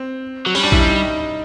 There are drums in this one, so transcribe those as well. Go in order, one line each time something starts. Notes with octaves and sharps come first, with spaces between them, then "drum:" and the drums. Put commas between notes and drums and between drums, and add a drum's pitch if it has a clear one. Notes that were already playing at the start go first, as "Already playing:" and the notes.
Already playing: C4
F#3
G3 C#4, drum: open hi-hat
D4
E4, drum: kick A#1
D#4